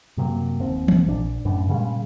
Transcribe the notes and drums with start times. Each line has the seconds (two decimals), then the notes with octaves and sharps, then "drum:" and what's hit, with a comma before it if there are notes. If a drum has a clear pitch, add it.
0.17 F#2 C3 F#3 A#3
0.60 F1 D#2 C4
0.88 drum: tom E3
1.07 A#1 D4
1.45 F#2 A2 C#3 D4
1.69 A#2 C#3 G3 G#3